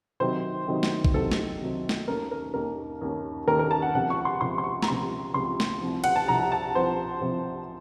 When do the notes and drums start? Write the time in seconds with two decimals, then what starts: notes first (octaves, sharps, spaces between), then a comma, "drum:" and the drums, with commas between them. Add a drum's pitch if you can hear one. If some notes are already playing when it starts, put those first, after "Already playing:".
0.20 C3 D#3 F#3 C4 D#4 C5
0.67 C3 D#3 F#3 C4 D#4
0.83 drum: snare
1.05 drum: kick A1
1.14 C3 D#3 F#3 C4 D#4 A4
1.32 drum: snare
1.61 C3 D#3 F#3 C4 D#4
1.89 drum: snare
2.08 D#2 D#3 A#3 C#4 A#4
2.31 A#4
2.54 D#2 D#3 A#3 C#4 A#4
3.01 D#2 D#3 A#3 C#4
3.47 D#2 D#3 A#3 C#4 A#4
3.59 A#4
3.71 A5
3.82 F#5
3.94 C#2 C3 F3 F#5
4.10 C#6
4.25 C6
4.41 C#2 C3 F3 C6
4.58 C6
4.64 C#6
4.83 A#5, drum: snare
4.88 C#2 C3 F3 C6
5.34 C#2 C3 F3 C6
5.60 drum: snare
5.81 C2 C3 F3
6.04 F#5, drum: cymbal
6.16 A5
6.28 C2 C3 F3 A#5
6.52 A5
6.75 C2 C3 F3 C5
7.22 C2 C3 F3